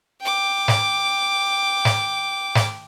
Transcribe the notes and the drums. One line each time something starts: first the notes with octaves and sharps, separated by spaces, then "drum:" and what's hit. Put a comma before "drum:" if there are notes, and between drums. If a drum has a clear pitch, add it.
G5 D6
drum: snare
drum: snare
drum: snare